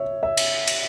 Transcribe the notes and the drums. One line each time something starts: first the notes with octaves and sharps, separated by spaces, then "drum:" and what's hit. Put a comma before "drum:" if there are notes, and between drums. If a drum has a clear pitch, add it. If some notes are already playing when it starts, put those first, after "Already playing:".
Already playing: C#5 E5
E5
drum: cymbal
drum: cymbal